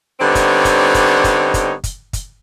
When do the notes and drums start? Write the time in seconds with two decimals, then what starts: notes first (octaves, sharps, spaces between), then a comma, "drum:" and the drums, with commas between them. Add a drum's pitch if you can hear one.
0.20 D3 G3 B3 C4 D#4 C#5
0.35 drum: kick, hi-hat
0.65 drum: kick, hi-hat
0.95 drum: kick, hi-hat
1.24 drum: kick, hi-hat
1.54 drum: kick, hi-hat
1.84 drum: kick, hi-hat
2.13 drum: kick, hi-hat